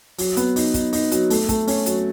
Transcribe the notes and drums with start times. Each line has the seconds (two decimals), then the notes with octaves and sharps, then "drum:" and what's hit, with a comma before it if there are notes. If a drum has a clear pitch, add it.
0.18 F#3, drum: open hi-hat
0.37 B3, drum: hi-hat
0.56 D#4, drum: open hi-hat
0.74 D#4, drum: kick, hi-hat
0.93 D#4, drum: open hi-hat
1.12 F#3, drum: hi-hat
1.30 A3, drum: open hi-hat
1.49 A3, drum: kick, hi-hat
1.67 C#4, drum: open hi-hat
1.86 F#3, drum: hi-hat